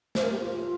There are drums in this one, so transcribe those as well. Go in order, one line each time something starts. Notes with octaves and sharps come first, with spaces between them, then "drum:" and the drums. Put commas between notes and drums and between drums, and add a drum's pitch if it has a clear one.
C5, drum: snare
A#4
G4
F4